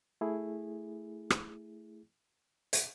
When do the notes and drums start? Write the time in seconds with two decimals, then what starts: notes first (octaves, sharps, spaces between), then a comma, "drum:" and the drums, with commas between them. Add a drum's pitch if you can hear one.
0.21 A3 E4 G#4
1.30 drum: rim click
2.73 drum: hi-hat